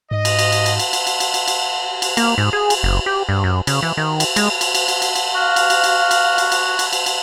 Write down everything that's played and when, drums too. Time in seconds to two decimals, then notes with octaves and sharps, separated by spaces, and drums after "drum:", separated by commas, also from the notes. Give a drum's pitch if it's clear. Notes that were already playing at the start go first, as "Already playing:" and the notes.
0.11 G#2 D#5
0.25 drum: cymbal
0.39 drum: cymbal
0.52 drum: cymbal
0.66 drum: cymbal
0.79 drum: cymbal
0.93 drum: cymbal
1.07 drum: cymbal
1.20 drum: cymbal
1.34 drum: cymbal
1.48 drum: cymbal
2.02 drum: cymbal
2.17 A#3, drum: cymbal
2.38 G#2
2.53 G#4
2.70 drum: cymbal
2.83 F#1
3.06 G4
3.29 G2
3.44 F#2
3.67 C#3, drum: cymbal
3.83 E3
3.97 D#3
4.20 drum: cymbal
4.36 G#3, drum: cymbal
4.61 drum: cymbal
4.75 drum: cymbal
4.88 drum: cymbal
5.02 drum: cymbal
5.15 drum: cymbal
5.34 F#4 F5
5.56 drum: cymbal
5.70 drum: cymbal
5.84 drum: cymbal
6.11 drum: cymbal
6.38 drum: cymbal
6.52 drum: cymbal
6.79 drum: cymbal
6.93 drum: cymbal
7.06 drum: cymbal